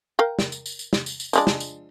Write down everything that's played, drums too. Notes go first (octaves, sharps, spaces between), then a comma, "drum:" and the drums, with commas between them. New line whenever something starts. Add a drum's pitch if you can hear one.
A#4 F5 G5
drum: snare
drum: tambourine
drum: tambourine
drum: tambourine
drum: snare
drum: tambourine
drum: tambourine
F3 G#3 D4, drum: tambourine
drum: snare
drum: tambourine